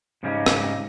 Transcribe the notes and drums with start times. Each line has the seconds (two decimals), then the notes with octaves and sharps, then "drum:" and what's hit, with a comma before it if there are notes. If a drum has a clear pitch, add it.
0.23 G#2 C#3 G3 C#4 D#4
0.46 drum: rim click